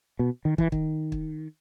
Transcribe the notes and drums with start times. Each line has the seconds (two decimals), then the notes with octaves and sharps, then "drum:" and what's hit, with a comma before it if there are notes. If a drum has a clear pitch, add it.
0.19 B2
0.45 D#3
0.58 E3, drum: kick
0.72 D#3, drum: kick
1.12 drum: kick